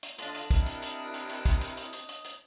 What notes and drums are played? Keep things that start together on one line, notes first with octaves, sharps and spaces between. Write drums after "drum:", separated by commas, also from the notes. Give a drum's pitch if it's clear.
drum: hi-hat
D3 D4 F4 D#5, drum: hi-hat
drum: hi-hat
C3 E4 A#4 D#5 D#6, drum: kick, hi-hat
drum: hi-hat
drum: hi-hat
drum: hi-hat
drum: hi-hat
drum: kick, hi-hat
drum: hi-hat
drum: hi-hat
drum: hi-hat
drum: hi-hat
drum: hi-hat